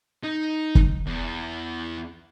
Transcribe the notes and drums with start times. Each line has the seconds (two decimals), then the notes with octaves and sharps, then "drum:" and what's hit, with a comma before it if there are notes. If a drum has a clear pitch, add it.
0.23 D#4
0.75 drum: kick
1.07 E2